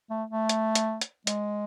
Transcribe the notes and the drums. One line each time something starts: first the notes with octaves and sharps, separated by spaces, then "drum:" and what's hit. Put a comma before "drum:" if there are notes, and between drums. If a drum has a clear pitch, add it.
A3
A3
drum: hi-hat
drum: hi-hat
drum: hi-hat
G#3, drum: hi-hat